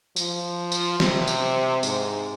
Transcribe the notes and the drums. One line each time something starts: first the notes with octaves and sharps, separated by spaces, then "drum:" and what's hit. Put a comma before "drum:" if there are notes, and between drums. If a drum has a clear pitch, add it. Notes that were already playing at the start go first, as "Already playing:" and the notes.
F3, drum: tambourine
drum: tambourine
C3, drum: snare
drum: tambourine
G#2, drum: tambourine